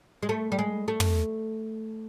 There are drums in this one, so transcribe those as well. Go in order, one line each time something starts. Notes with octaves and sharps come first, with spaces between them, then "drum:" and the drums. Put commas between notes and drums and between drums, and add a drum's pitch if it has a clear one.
G#3
A3
G3
G#3
A3
drum: tom